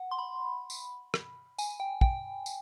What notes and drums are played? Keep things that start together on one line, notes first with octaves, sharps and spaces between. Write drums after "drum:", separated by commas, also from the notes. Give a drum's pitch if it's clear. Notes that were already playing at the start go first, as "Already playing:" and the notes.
Already playing: F#5
C6
B5
drum: tambourine
drum: rim click
G#5, drum: tambourine
G5
G5, drum: kick
drum: tambourine